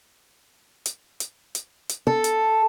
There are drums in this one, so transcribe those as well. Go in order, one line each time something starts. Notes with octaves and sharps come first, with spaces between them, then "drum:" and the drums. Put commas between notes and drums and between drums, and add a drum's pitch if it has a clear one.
drum: hi-hat
drum: hi-hat
drum: hi-hat
drum: hi-hat
A4
drum: hi-hat